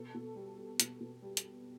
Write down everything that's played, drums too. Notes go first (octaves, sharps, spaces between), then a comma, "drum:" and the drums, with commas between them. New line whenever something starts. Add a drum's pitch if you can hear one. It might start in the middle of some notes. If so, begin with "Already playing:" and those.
Already playing: B2 A4
B2
G3
G3
B2, drum: hi-hat
B2
G3
drum: hi-hat